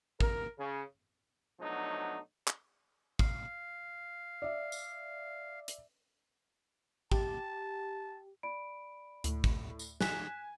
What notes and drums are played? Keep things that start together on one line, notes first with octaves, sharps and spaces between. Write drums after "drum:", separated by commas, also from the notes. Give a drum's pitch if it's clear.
A#4, drum: kick
C#3
B2 F3 F#3 A3 D4 D#4
drum: clap
F5, drum: kick
D5 E5
drum: tambourine
drum: hi-hat
G4 A5, drum: kick
D5 B5 D7
D2 A2, drum: hi-hat
drum: kick
drum: tambourine
G#5 F#6 B6 E7, drum: snare